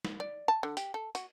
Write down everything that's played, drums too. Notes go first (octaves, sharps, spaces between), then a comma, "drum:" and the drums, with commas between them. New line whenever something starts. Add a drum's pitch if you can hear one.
drum: snare
D5
A5
D3
G4, drum: hi-hat
A4
F#4, drum: hi-hat